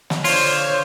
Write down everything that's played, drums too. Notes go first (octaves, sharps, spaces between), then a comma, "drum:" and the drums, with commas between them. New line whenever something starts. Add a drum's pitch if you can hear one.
drum: snare
D3 F4 C5 C#5, drum: open hi-hat